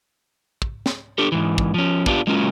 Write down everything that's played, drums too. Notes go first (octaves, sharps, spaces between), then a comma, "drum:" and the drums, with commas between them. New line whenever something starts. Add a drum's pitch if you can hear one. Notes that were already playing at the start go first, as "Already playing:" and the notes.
drum: kick
drum: snare
D4 G4 A4
G#2 E3
drum: kick
F3 C#4
B3 D4 F4 G4, drum: kick
F#3 G#3 A#3 C#4 F4